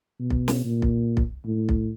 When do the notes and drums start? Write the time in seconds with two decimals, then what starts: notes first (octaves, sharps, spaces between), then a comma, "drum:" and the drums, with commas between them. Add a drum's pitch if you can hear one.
0.20 B2
0.30 drum: kick B1
0.48 drum: snare
0.65 A#2
0.82 drum: kick B1
1.17 drum: kick B1
1.45 A2
1.69 drum: kick B1